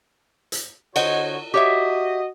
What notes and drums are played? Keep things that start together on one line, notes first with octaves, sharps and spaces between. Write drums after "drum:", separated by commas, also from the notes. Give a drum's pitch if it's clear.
drum: hi-hat
D3 F#4 C5 C#5 D#5 F#5, drum: cymbal
F#4 G4 C#5 D#5 E5